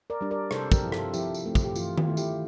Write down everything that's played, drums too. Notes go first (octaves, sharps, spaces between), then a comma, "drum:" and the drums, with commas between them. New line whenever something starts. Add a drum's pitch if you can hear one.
A#4 D5
G3 D4
A#4 D5
C3 A4 C5, drum: rim click
G4 A#4, drum: kick, tambourine
F3 C4 E4
F4 A4, drum: rim click
F3 E4 G4, drum: tambourine
drum: tambourine
A3 C4
drum: kick, tambourine
G4
E3 F4, drum: tambourine
F4, drum: tom D#3
A3 E4
E4 G4, drum: tambourine